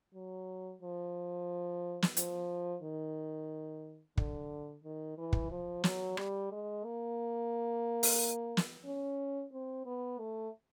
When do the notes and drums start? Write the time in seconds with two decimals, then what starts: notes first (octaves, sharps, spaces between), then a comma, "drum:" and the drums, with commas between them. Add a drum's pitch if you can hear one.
0.15 F#3
0.82 F3
2.02 drum: snare
2.17 F3, drum: hi-hat
2.82 D#3
4.17 D3, drum: kick
4.84 D#3
5.18 E3
5.33 drum: kick
5.51 F3
5.84 F#3, drum: snare
6.17 G3, drum: rim click
6.52 G#3
6.84 A#3
8.03 drum: open hi-hat
8.57 drum: snare
8.85 C#4
9.52 C4
9.86 B3
10.19 A3